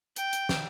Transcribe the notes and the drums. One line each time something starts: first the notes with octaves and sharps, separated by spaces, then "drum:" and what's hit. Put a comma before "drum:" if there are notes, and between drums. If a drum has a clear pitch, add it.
G5, drum: hi-hat
drum: hi-hat
drum: snare